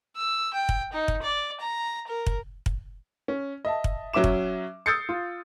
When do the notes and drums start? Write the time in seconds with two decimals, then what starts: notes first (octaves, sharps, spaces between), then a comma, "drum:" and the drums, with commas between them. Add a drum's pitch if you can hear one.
0.16 E6
0.54 G5
0.69 drum: kick
0.92 D#4
1.08 drum: kick
1.22 D5
1.60 A#5
2.07 A#4
2.26 drum: kick
2.66 drum: kick
3.28 C#4
3.65 D#5 E5 A5
3.84 drum: kick
4.13 F#3 C#4 E5 D6 E7
4.24 drum: kick
4.86 D#6 E6 G6 A6 C7 C#7
5.09 F4